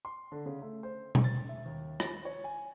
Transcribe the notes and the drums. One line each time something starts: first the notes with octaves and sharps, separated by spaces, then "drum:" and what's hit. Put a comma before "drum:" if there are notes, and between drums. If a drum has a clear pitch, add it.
C6
D3
C#3
A3
C5
drum: tom B2
A6
E5
D#2
A6, drum: rim click
C#5
G#5